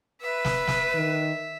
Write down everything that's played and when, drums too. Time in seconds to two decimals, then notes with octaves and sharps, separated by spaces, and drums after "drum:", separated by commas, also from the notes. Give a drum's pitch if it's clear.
0.22 B4 E5
0.45 drum: snare
0.67 drum: snare
0.95 D#3